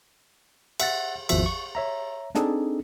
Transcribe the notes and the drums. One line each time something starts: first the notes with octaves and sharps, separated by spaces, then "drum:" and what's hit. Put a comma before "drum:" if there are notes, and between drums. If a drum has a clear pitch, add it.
E5 F#5 A6, drum: cymbal
G#1 E2 F3 F#4 E5, drum: cymbal
C#6
C#5 E5 A#5
C4 D4 D#4 G#4 A4, drum: snare